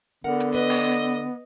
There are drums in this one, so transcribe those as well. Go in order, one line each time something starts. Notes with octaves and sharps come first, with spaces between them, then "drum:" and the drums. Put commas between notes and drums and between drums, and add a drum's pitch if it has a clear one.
D3 B3 A#4 F#5
drum: hi-hat
B4 D#5
drum: open hi-hat